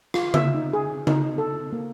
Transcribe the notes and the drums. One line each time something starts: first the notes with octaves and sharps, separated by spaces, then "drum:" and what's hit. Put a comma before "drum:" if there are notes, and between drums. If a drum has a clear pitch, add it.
F4, drum: rim click
E5, drum: tom C#3
D#4
G#4
D#4, drum: tom C#3
A4
A#3